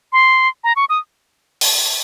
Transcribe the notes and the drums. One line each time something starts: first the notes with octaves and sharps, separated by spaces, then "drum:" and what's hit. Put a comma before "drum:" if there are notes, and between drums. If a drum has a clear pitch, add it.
C6
A#5
C#6
D#6
drum: open hi-hat